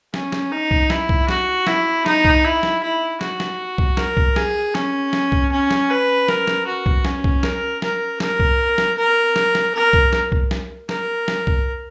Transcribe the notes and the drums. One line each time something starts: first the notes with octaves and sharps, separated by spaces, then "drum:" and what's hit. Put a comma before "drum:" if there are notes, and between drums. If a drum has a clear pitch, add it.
C#4, drum: snare
drum: snare
D#4
drum: kick C2
E4, drum: snare
drum: kick C2
F#4, drum: snare
E4, drum: snare
D#4, drum: snare
drum: kick C2
E4
drum: snare
E4
F#4, drum: snare
drum: snare
drum: kick C2
A#4, drum: snare
drum: kick C2
G#4, drum: snare
C#4, drum: snare
drum: snare
drum: kick C2
C#4
drum: snare
B4
A#4, drum: snare
drum: snare
F#4
drum: kick C2
C#4, drum: snare
drum: kick C2
A#4, drum: snare
A#4, drum: snare
A#4, drum: snare
drum: kick C2
drum: snare
A#4
drum: snare
drum: snare
A#4
drum: kick C2
drum: snare
drum: kick C2
drum: snare
A#4, drum: snare
drum: snare
drum: kick C2